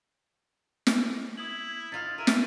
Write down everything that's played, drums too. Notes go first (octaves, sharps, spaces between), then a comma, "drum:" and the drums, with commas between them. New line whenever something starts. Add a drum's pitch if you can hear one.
drum: snare
E4 D#6 G#6 F#7
D#4 F4 A6
A#4 E5 D#7
drum: snare